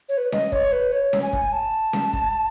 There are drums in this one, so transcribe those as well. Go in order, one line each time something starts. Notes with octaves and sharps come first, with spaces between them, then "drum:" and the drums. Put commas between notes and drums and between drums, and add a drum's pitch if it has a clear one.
C#5
B4
D#5, drum: snare C#4
C#5, drum: kick
B4
C#5
drum: snare C#4
G#5
drum: kick
A5
drum: snare C#4
drum: kick